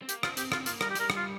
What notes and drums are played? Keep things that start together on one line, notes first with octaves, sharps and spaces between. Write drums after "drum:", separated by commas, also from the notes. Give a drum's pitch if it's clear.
C4
A#3 G4, drum: hi-hat
C4 F4, drum: rim click
C4 G4, drum: hi-hat
C4 F4, drum: rim click
A#3 F4, drum: hi-hat
G3 A#4, drum: rim click
G4
G3 A#4, drum: hi-hat
G3, drum: rim click
F4